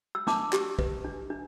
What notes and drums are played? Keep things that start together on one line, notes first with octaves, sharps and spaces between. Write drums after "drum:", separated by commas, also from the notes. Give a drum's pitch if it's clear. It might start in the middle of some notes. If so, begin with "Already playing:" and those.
E6
D4 A5 D6, drum: snare
G4, drum: clap
B4, drum: kick
D4
D4